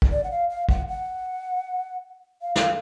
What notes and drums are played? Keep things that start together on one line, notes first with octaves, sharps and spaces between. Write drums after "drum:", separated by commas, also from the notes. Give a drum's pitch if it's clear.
drum: kick
D5
F#5
F5
F5
F#5, drum: kick
F#5
F5
F5, drum: snare